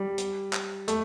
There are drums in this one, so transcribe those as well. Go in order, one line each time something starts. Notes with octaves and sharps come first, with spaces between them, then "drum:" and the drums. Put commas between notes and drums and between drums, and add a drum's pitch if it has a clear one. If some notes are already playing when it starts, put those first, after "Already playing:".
Already playing: G3
drum: hi-hat
drum: clap
A3, drum: hi-hat